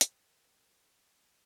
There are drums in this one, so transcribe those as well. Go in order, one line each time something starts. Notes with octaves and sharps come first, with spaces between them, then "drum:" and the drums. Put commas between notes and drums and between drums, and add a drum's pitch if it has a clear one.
F#2 D#4 C5 G5, drum: hi-hat